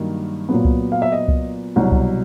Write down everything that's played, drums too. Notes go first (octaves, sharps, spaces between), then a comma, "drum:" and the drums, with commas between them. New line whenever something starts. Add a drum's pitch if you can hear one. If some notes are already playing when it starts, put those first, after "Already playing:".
Already playing: G2 D#3 F#3 A#3
A#2 F#3 B3
drum: kick C2
F5
E5
D#5
drum: kick C2
C2 B2 F#3
drum: kick C2